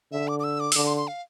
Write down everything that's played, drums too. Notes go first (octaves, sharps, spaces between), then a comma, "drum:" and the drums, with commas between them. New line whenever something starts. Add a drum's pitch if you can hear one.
D3 E5
D6
D6
E6
D6
E6, drum: open hi-hat
D3 D6
C6
C6
F5